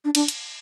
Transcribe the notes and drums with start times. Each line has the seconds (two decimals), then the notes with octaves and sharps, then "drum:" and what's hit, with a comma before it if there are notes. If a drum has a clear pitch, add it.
0.05 D4
0.15 D4, drum: cymbal
0.28 drum: hi-hat